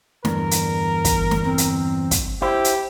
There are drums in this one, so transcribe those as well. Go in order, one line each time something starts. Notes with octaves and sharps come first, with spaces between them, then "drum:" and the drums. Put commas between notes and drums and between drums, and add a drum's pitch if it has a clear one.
E2 G2 D3 A#4, drum: snare
drum: hi-hat
drum: kick, hi-hat
drum: snare
C4
drum: hi-hat
drum: kick, hi-hat
E4 G4 C5
drum: hi-hat